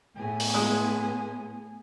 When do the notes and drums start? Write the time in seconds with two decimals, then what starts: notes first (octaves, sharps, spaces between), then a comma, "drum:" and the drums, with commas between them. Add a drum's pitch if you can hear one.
0.16 A2 B3 G#4
0.40 drum: open hi-hat
0.54 G#3 D#6